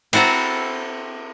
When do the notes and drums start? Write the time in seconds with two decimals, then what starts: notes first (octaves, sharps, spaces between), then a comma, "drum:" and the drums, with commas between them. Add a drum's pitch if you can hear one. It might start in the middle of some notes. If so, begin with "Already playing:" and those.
0.13 C4 E4 F#4 A4 A#5, drum: cymbal